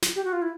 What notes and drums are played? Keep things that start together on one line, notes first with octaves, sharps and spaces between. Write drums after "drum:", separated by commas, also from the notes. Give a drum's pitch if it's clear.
drum: snare
G4
F#4
F4
E4